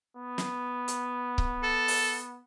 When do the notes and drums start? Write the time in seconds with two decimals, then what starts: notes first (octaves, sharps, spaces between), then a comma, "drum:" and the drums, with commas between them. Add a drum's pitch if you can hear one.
0.17 B3
0.38 drum: snare
0.88 drum: hi-hat
1.38 drum: kick C#1
1.63 A4
1.88 drum: open hi-hat